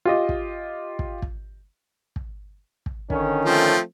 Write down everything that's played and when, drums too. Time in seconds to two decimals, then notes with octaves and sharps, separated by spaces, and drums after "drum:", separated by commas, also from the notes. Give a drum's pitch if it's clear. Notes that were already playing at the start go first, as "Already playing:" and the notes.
0.05 F4 G4 D#5
0.29 drum: kick
0.99 drum: kick
1.22 drum: kick
2.16 drum: kick
2.86 drum: kick
3.10 D3 D#3 C#4, drum: kick
3.45 F3 A3 C4